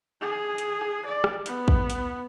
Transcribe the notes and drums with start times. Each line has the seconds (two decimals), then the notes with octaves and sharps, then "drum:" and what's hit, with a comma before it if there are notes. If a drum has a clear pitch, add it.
0.22 G#4
0.58 drum: hi-hat
1.06 D5
1.24 drum: rim click
1.46 B3, drum: hi-hat
1.68 drum: kick
1.90 drum: hi-hat